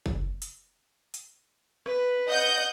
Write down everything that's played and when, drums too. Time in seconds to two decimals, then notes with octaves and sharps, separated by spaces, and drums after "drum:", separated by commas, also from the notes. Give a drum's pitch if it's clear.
0.06 drum: kick
0.42 drum: hi-hat
1.14 drum: hi-hat
1.86 B4, drum: rim click
2.29 D#5 F#5 G6